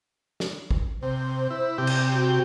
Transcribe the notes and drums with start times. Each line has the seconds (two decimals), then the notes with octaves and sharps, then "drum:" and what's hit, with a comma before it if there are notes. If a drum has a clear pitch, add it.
0.40 drum: snare
0.71 drum: kick
1.03 C3 C5
1.50 E4
1.78 C3 G4
1.87 drum: cymbal
2.13 F#4